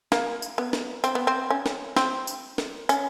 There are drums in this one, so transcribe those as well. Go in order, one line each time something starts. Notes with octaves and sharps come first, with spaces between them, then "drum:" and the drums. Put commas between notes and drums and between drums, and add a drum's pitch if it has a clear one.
A#3, drum: snare
drum: tambourine
B3
drum: snare
C4, drum: tambourine
B3
C4
C#4
drum: snare
C4, drum: snare
drum: tambourine
drum: snare
C#4, drum: tambourine